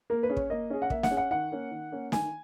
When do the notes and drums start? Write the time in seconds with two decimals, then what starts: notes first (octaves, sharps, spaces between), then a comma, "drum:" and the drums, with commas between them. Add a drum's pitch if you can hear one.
0.10 A#3 A#4
0.23 B4
0.30 C#4 G#4
0.37 C#5, drum: kick
0.50 A#3 D#5
0.70 C#4 G#4
0.82 F#5
0.90 A#3 E5, drum: kick
1.03 F#5, drum: snare
1.11 C#4 G#4
1.17 F#5
1.31 D#3 F#5
1.52 A#3 C#4
1.71 D#3
1.92 A#3 C#4
2.12 D#3 G#5, drum: snare